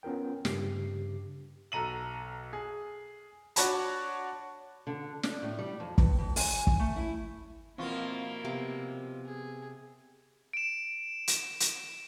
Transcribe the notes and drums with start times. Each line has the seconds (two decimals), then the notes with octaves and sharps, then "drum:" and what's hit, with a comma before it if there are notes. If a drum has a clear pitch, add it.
0.03 B3 C#4 F4 A#4 G5
0.45 G2 C#3 G4 C7, drum: snare
1.72 B1 A4 A#5 D#7 F#7
2.53 G#4
3.56 D4 F#4 C#5 A5 B5, drum: hi-hat
4.87 D3
5.23 D4, drum: snare
5.42 A2
5.59 G3
5.80 F2
5.98 G2, drum: kick
6.19 F2
6.36 G#5, drum: open hi-hat
6.67 drum: kick
6.79 A3
6.96 E4
7.78 B2 F3 A#3 C4 E4 F4 C#6
8.45 C3 B3 F5 D6
9.25 G#4
10.53 D7 E7
11.28 drum: hi-hat
11.60 drum: hi-hat